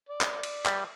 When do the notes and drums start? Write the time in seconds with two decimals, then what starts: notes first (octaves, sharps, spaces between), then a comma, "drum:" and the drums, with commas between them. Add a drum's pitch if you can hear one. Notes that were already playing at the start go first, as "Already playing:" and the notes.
0.09 D5
0.21 drum: clap
0.43 drum: cymbal
0.66 G3, drum: clap